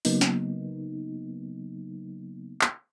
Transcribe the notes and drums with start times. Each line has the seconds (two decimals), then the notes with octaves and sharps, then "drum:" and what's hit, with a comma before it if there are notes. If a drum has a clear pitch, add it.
0.05 C#3 F#3 A#3 B3 D#4, drum: open hi-hat
0.21 drum: snare
2.61 drum: clap